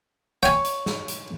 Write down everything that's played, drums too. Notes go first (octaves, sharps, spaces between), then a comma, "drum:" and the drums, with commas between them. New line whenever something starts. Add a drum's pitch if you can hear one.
C#5 G5 G#5, drum: hi-hat
drum: hi-hat
drum: snare
drum: hi-hat